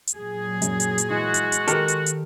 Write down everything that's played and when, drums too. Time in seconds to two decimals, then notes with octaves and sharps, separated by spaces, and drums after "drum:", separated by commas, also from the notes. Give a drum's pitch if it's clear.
0.07 drum: hi-hat
0.17 A#2 F#3 G#4
0.62 F#2, drum: hi-hat
0.80 drum: hi-hat
0.98 drum: hi-hat
1.10 E3 G#3 F#4
1.34 drum: hi-hat
1.52 drum: hi-hat
1.68 D#3 G4 A4 A#4 F6, drum: hi-hat
1.88 drum: hi-hat
2.06 drum: hi-hat